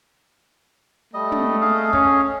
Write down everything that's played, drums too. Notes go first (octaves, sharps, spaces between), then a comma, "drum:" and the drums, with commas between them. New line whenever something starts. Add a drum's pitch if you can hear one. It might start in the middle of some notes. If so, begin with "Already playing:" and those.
G3 A3 D#5
drum: tom
G#4 D#5 F5
C#4, drum: kick